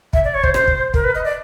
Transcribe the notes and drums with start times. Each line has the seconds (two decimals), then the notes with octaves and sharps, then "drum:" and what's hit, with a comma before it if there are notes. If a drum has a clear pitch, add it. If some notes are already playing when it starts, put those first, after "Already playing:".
0.13 E5, drum: kick
0.24 D5
0.34 C#5
0.43 C5, drum: kick
0.54 C5, drum: rim click
0.67 drum: kick
0.94 A#4, drum: kick
1.04 B4
1.15 D#5
1.25 D5